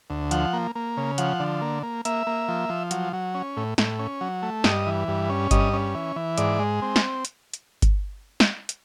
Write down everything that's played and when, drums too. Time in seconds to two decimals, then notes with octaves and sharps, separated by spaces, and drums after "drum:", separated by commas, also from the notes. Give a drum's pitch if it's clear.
0.10 D2
0.31 F3 F#5, drum: hi-hat
0.53 A#3
0.75 A#3
0.97 C#3
1.18 F3 F#5, drum: hi-hat
1.40 D3
1.62 A#3
1.83 A#3
2.05 A#3 E5, drum: hi-hat
2.27 A#3
2.48 F3
2.69 F3
2.91 F#3, drum: hi-hat
3.13 F#3
3.35 C#4
3.57 A2
3.78 A2, drum: snare
3.99 C#4
4.21 F#3
4.42 A3
4.64 G2 D#5, drum: snare
4.87 E3
5.08 G2
5.29 C#4
5.51 G2 D#5, drum: kick G1, hi-hat
5.73 C#4
5.95 E3
6.16 E3
6.38 G#2 D5, drum: hi-hat
6.60 G#3
6.82 C4
6.96 drum: snare
7.25 drum: hi-hat
7.54 drum: hi-hat
7.82 drum: kick G1, hi-hat
8.40 drum: snare
8.69 drum: hi-hat